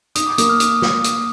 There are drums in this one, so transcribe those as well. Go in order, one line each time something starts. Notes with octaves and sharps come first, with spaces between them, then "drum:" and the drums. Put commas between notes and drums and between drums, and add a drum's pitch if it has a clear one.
D#4 D#6, drum: hi-hat
D6
A#3 D#6, drum: hi-hat
F6
drum: hi-hat
drum: snare
drum: hi-hat